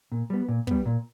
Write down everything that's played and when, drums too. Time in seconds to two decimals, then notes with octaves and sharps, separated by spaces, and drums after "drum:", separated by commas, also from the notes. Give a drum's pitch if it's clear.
0.12 A#2
0.30 G3 B3
0.48 A#2
0.67 G3 B3, drum: kick
0.86 A#2